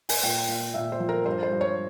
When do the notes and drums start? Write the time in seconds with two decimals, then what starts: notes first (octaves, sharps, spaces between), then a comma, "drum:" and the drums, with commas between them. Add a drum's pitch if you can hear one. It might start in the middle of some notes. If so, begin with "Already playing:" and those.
0.09 G#5, drum: open hi-hat
0.23 A#2 G5
0.49 A#2
0.74 A#2 E5
0.92 C5
1.00 F3
1.09 A#4
1.26 G2 C5
1.43 C5
1.52 G2
1.61 C#5